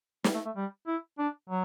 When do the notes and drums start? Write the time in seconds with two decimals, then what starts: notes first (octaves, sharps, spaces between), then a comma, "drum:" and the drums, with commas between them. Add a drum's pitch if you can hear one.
0.24 G3, drum: snare
0.34 A3
0.45 A3
0.56 G3
0.87 E4
1.18 D4
1.50 F#3